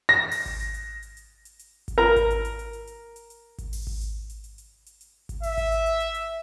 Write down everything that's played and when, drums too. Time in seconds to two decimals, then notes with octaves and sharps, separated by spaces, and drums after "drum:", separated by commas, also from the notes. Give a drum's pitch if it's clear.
0.09 A#6
0.31 drum: open hi-hat
0.46 drum: kick G#1, hi-hat
0.60 drum: hi-hat
0.74 drum: hi-hat
1.03 drum: hi-hat
1.17 drum: hi-hat
1.45 drum: hi-hat
1.59 drum: hi-hat
1.88 drum: kick G#1, hi-hat
1.98 A#4 A#5
2.16 drum: kick G#1, hi-hat
2.30 drum: hi-hat
2.45 drum: hi-hat
2.59 drum: hi-hat
2.73 drum: hi-hat
2.87 drum: hi-hat
3.16 drum: hi-hat
3.30 drum: hi-hat
3.58 drum: kick G#1, hi-hat
3.73 drum: open hi-hat
3.87 drum: kick G#1, hi-hat
4.01 drum: hi-hat
4.30 drum: hi-hat
4.44 drum: hi-hat
4.58 drum: hi-hat
4.86 drum: hi-hat
5.01 drum: hi-hat
5.29 drum: kick G#1, hi-hat
5.43 E5, drum: open hi-hat
5.58 drum: kick G#1, hi-hat
5.72 drum: hi-hat
5.86 drum: hi-hat
6.00 drum: hi-hat
6.14 drum: hi-hat